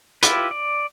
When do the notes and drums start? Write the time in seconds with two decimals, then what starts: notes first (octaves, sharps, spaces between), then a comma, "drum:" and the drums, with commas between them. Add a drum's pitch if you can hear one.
0.23 E4 F4 G4 B4, drum: hi-hat
0.51 D5